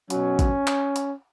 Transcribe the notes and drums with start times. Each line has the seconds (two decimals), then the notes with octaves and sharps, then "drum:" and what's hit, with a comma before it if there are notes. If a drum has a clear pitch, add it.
0.10 B2 F#3 C#4, drum: hi-hat
0.39 drum: kick, hi-hat
0.67 drum: clap
0.96 drum: hi-hat